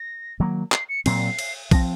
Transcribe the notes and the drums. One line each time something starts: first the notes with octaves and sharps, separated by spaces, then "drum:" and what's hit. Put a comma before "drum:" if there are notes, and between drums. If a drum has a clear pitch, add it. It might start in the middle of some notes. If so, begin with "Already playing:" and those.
Already playing: A#6
D#3 F#3 A#3
C7, drum: clap
C#7
A#2 F#3 C4 C7, drum: cymbal
drum: cymbal
F3 C4 A#6, drum: kick B1, cymbal